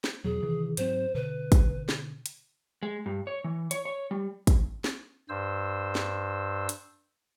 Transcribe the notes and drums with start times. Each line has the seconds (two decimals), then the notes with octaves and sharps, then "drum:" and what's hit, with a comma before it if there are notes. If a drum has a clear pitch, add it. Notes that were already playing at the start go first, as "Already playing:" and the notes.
0.04 drum: snare
0.24 E2 B2 F#3 G#4
0.42 C3 D#3 E3
0.77 G#2 F#3 C4 C5, drum: hi-hat
1.15 B2 D3 B4
1.52 drum: kick, hi-hat
1.89 drum: snare
2.26 drum: hi-hat
2.83 G#3
3.06 G2
3.27 C#5
3.44 E3
3.71 C#5, drum: hi-hat
3.85 C#5
4.11 G3
4.47 drum: kick, hi-hat
4.84 drum: snare
5.29 G2 C5 E6
5.95 drum: snare
6.69 drum: hi-hat